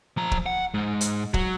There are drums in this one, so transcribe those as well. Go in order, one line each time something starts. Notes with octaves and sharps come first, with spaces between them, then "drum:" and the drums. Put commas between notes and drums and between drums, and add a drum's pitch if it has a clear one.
F3 A#5
drum: kick
F#5
G#2
drum: hi-hat
F#3, drum: kick